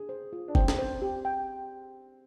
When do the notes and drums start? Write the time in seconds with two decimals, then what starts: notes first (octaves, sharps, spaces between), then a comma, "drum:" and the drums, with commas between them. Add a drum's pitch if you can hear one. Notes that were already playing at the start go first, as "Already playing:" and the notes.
Already playing: G#4
0.09 C5
0.33 F4
0.48 D4
0.55 C4 G5, drum: kick
0.68 drum: snare
0.79 C5
1.02 G4
1.25 G5